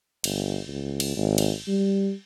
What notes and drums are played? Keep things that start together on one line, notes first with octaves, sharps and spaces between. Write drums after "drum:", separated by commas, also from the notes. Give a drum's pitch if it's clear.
G1, drum: cymbal
C#2
drum: cymbal
G#1
drum: cymbal
G3